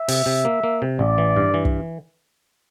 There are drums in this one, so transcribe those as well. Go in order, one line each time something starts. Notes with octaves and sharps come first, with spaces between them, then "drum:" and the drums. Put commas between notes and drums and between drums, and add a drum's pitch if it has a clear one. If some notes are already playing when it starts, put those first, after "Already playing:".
Already playing: E5
C3, drum: open hi-hat
C3
A#3
A#3
C3
A1 D5
E3
G2
E3
drum: kick